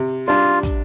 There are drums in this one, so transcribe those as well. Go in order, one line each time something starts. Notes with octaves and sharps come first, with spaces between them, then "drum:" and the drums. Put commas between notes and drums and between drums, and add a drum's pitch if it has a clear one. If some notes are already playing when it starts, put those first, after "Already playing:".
Already playing: C3
G3 D4 F4
drum: kick, hi-hat